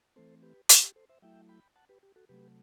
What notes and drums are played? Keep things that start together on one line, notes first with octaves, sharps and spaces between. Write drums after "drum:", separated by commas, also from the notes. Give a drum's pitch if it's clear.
E3 A3 C4 A4 C5
G4 B4
F#4 A4, drum: hi-hat
G4
A4 C5
C5 E5
F#3 A3 E4 E5 G5
G5 B5
F#5 A5
G4 B4
G4
F#4 A4
C3 F#3 A3 G4 B4